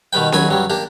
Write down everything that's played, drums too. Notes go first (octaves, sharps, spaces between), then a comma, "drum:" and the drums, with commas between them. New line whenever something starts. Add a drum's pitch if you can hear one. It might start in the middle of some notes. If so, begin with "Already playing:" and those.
B2 D#3 G3 B4 G5
D#2 F#3 G#5 B5, drum: snare C#4
G2 F#3 G3
A#3 D4 G4